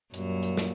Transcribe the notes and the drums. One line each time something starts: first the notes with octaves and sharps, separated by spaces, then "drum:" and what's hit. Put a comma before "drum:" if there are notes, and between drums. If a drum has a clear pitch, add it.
F#2 A#2 G3 A#3, drum: hi-hat
drum: hi-hat
drum: snare